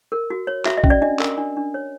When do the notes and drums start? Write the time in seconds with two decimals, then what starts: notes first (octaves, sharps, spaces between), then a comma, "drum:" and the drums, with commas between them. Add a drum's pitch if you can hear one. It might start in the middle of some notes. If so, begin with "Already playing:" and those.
0.12 A#4
0.30 F#4
0.47 C#5
0.66 F#4 E5, drum: clap
0.78 D#5
0.84 C#4, drum: kick
0.90 D5
1.02 D4 D#5
1.20 A#4, drum: clap
1.38 D4
1.57 D4
1.74 C#5